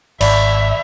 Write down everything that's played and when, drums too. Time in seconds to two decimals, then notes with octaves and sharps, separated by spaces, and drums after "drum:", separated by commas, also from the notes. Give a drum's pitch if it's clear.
0.21 G#1 D5 E5 B5, drum: cymbal